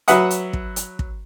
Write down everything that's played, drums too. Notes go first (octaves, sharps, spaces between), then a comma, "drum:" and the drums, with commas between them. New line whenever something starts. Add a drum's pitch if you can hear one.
F#3 B4 E5 F#5 D#6, drum: hi-hat
drum: hi-hat
drum: kick
drum: hi-hat
drum: kick